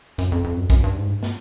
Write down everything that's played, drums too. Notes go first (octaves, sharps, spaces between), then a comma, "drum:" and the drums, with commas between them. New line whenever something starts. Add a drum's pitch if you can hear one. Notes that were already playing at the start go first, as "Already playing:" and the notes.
F#2, drum: hi-hat
F2
F2
F#2
F#2, drum: kick, hi-hat
G2
G#2
G2
drum: snare